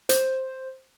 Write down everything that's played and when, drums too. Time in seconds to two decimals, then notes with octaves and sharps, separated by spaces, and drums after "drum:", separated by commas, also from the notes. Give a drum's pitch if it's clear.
0.09 C5, drum: hi-hat